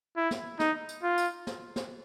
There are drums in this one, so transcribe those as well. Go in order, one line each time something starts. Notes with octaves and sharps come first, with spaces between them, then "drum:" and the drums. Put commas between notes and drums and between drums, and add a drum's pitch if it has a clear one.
E4
drum: snare
D#4, drum: snare
drum: tambourine
F4
drum: tambourine
drum: snare
drum: snare